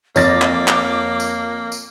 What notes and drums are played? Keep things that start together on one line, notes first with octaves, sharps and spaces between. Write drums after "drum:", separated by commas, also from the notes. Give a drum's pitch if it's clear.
F2 A#3 C#5 D6 A6 A#6, drum: tambourine
drum: clap
drum: clap
drum: tambourine
drum: tambourine